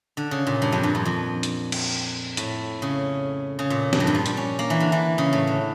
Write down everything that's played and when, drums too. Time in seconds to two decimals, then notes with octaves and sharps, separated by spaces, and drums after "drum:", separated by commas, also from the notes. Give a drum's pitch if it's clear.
0.17 D3
0.31 C#3
0.47 A#2
0.62 G2
0.72 F2
0.83 G2
0.95 F2
1.05 F2
1.43 drum: hi-hat
1.72 drum: cymbal
2.37 A2, drum: hi-hat
2.82 C#3
3.59 C#3
3.70 A#2
3.93 G2, drum: snare
4.00 F2
4.07 G2
4.15 F3
4.26 G3, drum: hi-hat
4.37 C#4
4.59 A#3
4.70 E3
4.80 D3
4.92 E3
5.18 C#3
5.33 A2
5.47 D3